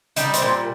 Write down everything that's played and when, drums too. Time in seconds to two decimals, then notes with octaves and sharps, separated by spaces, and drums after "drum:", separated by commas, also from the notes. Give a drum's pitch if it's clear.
0.16 G3 D#4, drum: hi-hat
0.34 C4, drum: hi-hat
0.42 A#2